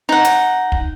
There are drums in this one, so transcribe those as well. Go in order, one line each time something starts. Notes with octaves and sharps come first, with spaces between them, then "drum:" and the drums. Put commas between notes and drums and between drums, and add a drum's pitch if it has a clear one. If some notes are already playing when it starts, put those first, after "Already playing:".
D#4 F#5
drum: hi-hat
drum: kick